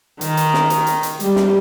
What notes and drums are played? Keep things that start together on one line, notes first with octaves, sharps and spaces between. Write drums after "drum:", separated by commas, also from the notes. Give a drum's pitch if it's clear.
D#3, drum: hi-hat
drum: hi-hat
drum: snare
drum: hi-hat
drum: hi-hat
drum: hi-hat
G3, drum: hi-hat
drum: snare